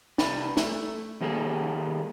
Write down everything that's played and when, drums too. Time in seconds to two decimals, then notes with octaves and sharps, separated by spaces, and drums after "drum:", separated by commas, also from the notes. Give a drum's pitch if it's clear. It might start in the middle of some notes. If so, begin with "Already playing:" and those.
0.18 C2 D4 B4, drum: snare
0.57 A3, drum: snare
1.21 D#2 G3 A#3 G#4 A4